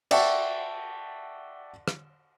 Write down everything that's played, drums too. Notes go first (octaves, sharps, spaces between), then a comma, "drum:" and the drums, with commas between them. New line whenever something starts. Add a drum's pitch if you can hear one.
D5 E5 F#5 G5 A5 C#6, drum: cymbal
drum: rim click